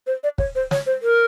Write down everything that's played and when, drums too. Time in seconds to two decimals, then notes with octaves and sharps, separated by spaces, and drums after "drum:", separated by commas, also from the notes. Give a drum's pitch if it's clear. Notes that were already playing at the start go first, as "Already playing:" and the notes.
0.07 C5
0.24 D5
0.38 C#5, drum: kick
0.55 C5
0.71 C#5, drum: snare
0.86 C5
1.02 A#4